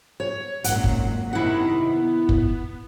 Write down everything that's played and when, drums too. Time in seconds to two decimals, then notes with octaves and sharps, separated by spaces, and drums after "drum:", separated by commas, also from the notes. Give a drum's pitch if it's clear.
0.20 C#5
0.64 G#1 F#2 A#2 F#5, drum: hi-hat
0.84 drum: kick
1.33 C3 D#3 E4 F#5
1.91 B3
2.29 drum: kick